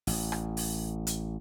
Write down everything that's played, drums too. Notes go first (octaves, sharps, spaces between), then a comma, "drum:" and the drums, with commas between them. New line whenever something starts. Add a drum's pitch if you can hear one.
A1, drum: open hi-hat
drum: rim click
drum: open hi-hat
drum: hi-hat